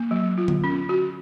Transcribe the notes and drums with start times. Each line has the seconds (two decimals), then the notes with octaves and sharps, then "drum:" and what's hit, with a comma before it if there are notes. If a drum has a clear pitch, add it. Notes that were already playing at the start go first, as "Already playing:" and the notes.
Already playing: A#3
0.11 F#3
0.38 F4
0.48 drum: tom D3
0.64 C#4
0.89 F#4